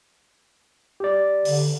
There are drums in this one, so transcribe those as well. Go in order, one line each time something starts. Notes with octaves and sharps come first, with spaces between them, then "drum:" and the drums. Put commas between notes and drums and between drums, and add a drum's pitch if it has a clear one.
G4 D5
D3, drum: open hi-hat